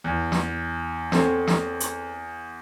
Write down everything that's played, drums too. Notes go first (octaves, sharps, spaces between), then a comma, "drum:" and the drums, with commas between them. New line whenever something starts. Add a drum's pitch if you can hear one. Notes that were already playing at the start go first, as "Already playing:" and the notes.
E2
drum: snare
C4 A4 C#5, drum: snare
drum: snare
drum: hi-hat